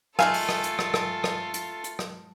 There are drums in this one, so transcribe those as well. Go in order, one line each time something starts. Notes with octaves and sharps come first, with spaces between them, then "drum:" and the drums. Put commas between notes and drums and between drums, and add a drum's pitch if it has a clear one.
D#3 G#3 A3 F4 A4 F5 G#5, drum: rim click
drum: open hi-hat
drum: rim click
drum: hi-hat
drum: rim click
drum: rim click
drum: rim click
drum: hi-hat
drum: hi-hat
drum: rim click